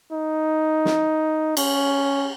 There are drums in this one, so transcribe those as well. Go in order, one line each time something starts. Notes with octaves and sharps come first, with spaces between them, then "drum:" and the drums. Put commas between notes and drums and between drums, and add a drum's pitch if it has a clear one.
D#4
drum: snare
C#4, drum: cymbal